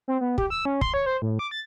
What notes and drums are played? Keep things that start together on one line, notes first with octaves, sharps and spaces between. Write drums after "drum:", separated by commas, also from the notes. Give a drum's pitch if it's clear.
C4
B3
G4, drum: kick
E6
C#4
C6, drum: kick
C#5
C5
A2
D6
A6